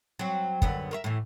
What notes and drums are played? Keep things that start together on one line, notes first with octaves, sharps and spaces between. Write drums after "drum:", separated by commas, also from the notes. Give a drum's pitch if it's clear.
F#3 C4
F#2 D3 B3, drum: kick
A#4 C5 E5
A2 E3